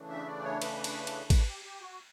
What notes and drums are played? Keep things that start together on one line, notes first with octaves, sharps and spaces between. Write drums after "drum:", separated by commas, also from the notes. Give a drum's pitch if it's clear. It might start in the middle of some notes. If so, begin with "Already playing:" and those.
Already playing: C#3 E3 A3 D4
E5
D5
C#5
B4, drum: cymbal
drum: cymbal
drum: cymbal
B4, drum: kick, cymbal
G4
G4
F#4